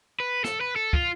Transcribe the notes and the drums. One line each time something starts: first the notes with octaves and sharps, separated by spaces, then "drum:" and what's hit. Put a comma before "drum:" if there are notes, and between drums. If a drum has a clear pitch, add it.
B4
A4, drum: snare
B4
A4
F4, drum: kick